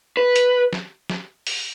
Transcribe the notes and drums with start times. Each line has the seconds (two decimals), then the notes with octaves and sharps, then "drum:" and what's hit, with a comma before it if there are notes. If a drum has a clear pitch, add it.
0.17 B4
0.36 drum: hi-hat
0.73 drum: snare
1.10 drum: snare
1.47 drum: open hi-hat